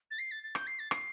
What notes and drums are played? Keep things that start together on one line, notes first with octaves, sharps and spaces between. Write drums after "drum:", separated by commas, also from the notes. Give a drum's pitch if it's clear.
A6
C7
A6
A6
G6, drum: rim click
C7
A6
C7, drum: rim click